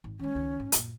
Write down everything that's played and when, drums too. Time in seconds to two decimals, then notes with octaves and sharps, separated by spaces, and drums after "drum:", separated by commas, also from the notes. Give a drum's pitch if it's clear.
0.04 G#1
0.19 D#3 G#3 C#4
0.35 C#2 D#3
0.60 G#2
0.72 F#2 A#2, drum: hi-hat